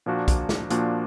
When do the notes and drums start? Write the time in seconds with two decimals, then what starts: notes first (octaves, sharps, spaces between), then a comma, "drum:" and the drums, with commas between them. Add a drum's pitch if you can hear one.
0.06 A#2 F3 A#3 D4 F#4
0.28 drum: kick, hi-hat
0.49 drum: snare
0.70 A#2 F3 A#3 D4 F#4, drum: hi-hat